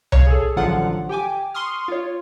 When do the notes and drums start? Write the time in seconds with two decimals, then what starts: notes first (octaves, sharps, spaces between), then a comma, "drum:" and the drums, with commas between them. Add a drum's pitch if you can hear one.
0.12 C#5 F5, drum: tom C2
0.27 G#4 A4
0.56 A1 D3 F3 F#3 F4 F#5
1.09 G4 G5 G#5 D6
1.54 C6 C#6 D#6 F6
1.88 F4 C#5